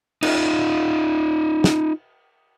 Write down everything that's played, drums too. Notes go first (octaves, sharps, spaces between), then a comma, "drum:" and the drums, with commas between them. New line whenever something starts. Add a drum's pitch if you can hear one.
D#4 F4, drum: cymbal
drum: snare